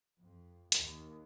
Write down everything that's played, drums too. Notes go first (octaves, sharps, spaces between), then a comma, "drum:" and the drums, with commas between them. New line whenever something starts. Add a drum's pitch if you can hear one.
F2
D#2, drum: hi-hat